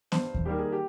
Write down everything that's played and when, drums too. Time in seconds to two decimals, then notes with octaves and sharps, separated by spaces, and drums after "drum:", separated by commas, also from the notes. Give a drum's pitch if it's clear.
0.12 G2 C5, drum: snare B3
0.34 drum: kick D#2
0.45 D#3 G3 A#3 G4
0.59 G#4
0.72 G4